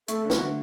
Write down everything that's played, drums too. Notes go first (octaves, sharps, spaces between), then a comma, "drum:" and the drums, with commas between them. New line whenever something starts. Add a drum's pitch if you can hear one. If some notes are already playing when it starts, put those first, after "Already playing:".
A3 A4, drum: hi-hat
D3
F#4, drum: snare
A3